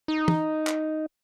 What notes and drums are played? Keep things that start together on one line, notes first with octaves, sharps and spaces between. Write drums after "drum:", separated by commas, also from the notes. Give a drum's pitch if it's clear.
D#4
drum: tom
drum: clap